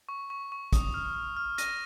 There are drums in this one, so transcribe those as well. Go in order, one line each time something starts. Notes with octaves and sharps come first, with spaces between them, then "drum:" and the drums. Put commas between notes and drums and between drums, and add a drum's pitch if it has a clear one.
C#6
C#6
C#6
D#6, drum: kick, hi-hat
F6
F6
A#6 D#7, drum: hi-hat